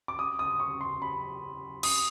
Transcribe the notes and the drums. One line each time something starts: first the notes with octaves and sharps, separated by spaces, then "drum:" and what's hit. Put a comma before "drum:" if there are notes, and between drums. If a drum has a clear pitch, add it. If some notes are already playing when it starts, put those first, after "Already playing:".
D6
D#6
D#6
C#6
C6
B5
D#6, drum: cymbal